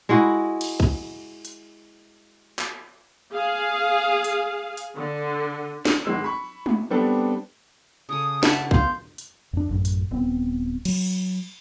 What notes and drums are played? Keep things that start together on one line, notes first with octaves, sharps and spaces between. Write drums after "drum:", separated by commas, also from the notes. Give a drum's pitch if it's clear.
G#3 E4 F#4
drum: cymbal
drum: kick
drum: hi-hat
drum: clap
G#4 F5
drum: hi-hat
drum: hi-hat
D3
drum: snare
G#1 G#3 E6
B5 C#6
drum: tom G#3
G3 B3 C4 D4 A4
C#3 G#4 A4 D#6
D#6
E5 F#5 A5, drum: snare
B3 F5 C6 G6, drum: kick
drum: hi-hat
F2 D4
A1 F#2
drum: hi-hat
D#1 B3 C4
F#3, drum: cymbal